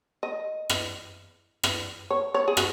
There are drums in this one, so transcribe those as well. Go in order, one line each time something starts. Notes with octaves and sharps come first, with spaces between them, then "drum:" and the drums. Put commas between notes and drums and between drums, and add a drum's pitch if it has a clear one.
D#5
drum: rim click
drum: rim click
C#5
C#5
G#4
F#4, drum: rim click